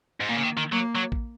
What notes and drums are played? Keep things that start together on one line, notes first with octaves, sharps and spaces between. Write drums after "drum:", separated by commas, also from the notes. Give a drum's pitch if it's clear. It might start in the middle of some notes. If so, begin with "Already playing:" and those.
G#2
A#2 A#3
C#3
D#3
D#3
F#3 A#3
F#3
drum: kick